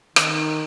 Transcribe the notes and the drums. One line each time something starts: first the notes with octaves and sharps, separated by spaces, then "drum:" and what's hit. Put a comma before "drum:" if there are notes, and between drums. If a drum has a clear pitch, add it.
D#3, drum: rim click